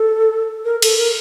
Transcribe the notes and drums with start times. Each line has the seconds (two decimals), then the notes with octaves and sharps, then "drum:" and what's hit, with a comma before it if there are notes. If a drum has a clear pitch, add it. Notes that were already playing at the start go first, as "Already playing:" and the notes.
Already playing: A4
0.65 A#4
0.82 A4, drum: cymbal
0.99 A#4